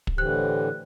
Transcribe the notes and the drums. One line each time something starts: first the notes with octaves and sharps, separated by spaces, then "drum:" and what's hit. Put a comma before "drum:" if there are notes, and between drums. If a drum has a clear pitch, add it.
drum: kick
A2 D3 E3 G4 C5 F#6